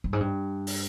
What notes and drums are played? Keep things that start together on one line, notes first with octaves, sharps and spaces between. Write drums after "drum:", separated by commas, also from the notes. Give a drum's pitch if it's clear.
G2
G#2
G2
drum: open hi-hat